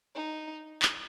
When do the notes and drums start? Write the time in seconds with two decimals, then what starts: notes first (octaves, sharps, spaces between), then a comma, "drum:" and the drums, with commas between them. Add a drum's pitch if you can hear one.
0.15 D#4
0.82 drum: clap